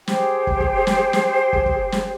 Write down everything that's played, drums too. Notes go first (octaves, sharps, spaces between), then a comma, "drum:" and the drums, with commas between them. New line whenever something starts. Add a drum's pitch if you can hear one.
G4 G#4 C5 G5, drum: snare
drum: kick
drum: kick
drum: snare
drum: snare
drum: kick
drum: kick
drum: snare